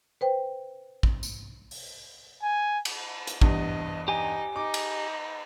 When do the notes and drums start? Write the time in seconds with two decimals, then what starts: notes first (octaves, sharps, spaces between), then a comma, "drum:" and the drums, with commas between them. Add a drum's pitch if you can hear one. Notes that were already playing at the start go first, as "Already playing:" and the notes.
0.21 B4 C5 G5
1.03 drum: kick
1.23 drum: tambourine
1.71 drum: open hi-hat
2.43 G#5
2.85 drum: cymbal
3.27 drum: hi-hat
3.41 E2 G2 D#5, drum: kick
4.08 D#4 G4 G#5
4.56 D#4 D6
4.74 drum: cymbal